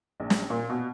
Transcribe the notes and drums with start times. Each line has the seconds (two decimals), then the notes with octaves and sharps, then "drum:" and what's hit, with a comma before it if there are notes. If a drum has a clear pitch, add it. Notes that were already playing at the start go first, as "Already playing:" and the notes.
0.20 A#1
0.30 drum: snare
0.50 A#2
0.70 B2